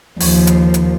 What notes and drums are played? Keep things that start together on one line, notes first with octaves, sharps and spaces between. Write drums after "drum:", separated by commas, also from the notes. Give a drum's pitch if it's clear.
D#2 F3, drum: open hi-hat
drum: hi-hat
drum: hi-hat